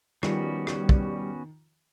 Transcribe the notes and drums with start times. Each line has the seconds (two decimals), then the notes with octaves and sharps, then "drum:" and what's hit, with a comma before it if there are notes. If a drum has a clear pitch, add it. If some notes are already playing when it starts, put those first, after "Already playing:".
0.23 D#3 F3 G3 B3 C#4 F#4, drum: rim click
0.67 drum: rim click
0.89 drum: kick